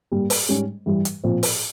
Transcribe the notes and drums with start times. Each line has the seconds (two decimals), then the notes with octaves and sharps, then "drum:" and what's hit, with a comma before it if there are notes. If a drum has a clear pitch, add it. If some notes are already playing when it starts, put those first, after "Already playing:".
0.12 G2 G3 A#3
0.30 drum: open hi-hat
0.49 G#2 G3 C#4
0.86 G2 E3 G3
1.05 drum: hi-hat
1.24 A#2 F3 C4 F4
1.43 drum: open hi-hat